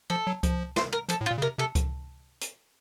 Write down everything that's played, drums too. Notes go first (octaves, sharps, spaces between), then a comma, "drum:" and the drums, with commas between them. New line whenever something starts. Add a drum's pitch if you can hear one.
F3 A4
F#3
F3, drum: kick C#2, hi-hat
C5, drum: snare
A#4
F3 A4, drum: hi-hat
A2
F4
A#2
C#3
C3 A#4
C3 A4
drum: kick C#2, hi-hat
drum: hi-hat